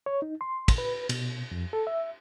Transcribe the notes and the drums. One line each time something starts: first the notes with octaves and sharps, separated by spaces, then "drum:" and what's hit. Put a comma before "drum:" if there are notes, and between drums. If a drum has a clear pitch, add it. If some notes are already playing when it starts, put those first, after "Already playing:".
C#5
D#4
C6
drum: kick, cymbal
B4
B2, drum: cymbal
F2
A4
E5